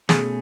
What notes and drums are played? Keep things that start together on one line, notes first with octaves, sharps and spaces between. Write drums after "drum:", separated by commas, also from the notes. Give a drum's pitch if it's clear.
B2 A3 C#4 G#4, drum: snare